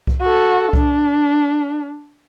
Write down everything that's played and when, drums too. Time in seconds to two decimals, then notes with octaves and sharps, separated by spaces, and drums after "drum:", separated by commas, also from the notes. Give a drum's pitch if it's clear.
0.07 drum: kick C2
0.22 F#4 A4
0.73 D4, drum: kick C2